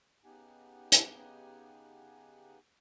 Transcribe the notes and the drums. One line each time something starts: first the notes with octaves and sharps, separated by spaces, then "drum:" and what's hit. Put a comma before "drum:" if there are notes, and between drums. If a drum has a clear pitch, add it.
C#3 B3 D#4 G4 F#5 G#5
drum: hi-hat